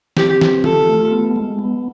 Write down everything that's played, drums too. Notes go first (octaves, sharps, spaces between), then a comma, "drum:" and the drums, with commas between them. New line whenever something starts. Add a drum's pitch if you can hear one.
C4 G4, drum: snare
E3, drum: snare
F4 A4, drum: tom
A3
B3
G#3
B3